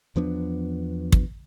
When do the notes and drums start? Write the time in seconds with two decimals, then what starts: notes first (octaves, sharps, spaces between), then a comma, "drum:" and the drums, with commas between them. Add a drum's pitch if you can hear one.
0.16 E2 F3 B3 D4
1.12 drum: kick